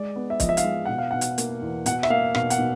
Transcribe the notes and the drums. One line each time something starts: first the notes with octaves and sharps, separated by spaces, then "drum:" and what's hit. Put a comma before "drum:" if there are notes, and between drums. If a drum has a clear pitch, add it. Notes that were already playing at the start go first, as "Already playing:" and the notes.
Already playing: G#3 D5
B3
E5
F3 D#5, drum: kick, hi-hat
E5
F5, drum: hi-hat
G#3
B2 F#5
F5
B2 F#5
drum: hi-hat
A#3, drum: hi-hat
E2
B2 F#5, drum: hi-hat
E5, drum: rim click
A#3 F5
B2 F5, drum: rim click
F#5, drum: hi-hat
B2